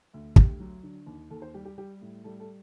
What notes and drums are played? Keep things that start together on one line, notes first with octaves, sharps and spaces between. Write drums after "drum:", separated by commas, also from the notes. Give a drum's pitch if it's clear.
D2
D2 G4, drum: kick
F#3
D3
D#2
D#2 A4
C5
G3 G4
G4
G3 G4
A2
G3 A4
A4